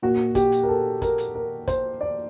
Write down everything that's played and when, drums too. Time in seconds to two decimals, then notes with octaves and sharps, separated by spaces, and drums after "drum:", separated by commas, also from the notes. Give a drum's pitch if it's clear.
0.02 A#2 F#4
0.35 G4, drum: kick, hi-hat
0.52 drum: hi-hat
0.63 A#4
0.69 A4
1.02 A#4, drum: kick, hi-hat
1.18 drum: hi-hat
1.35 A#4
1.68 C5, drum: kick, hi-hat
2.01 D5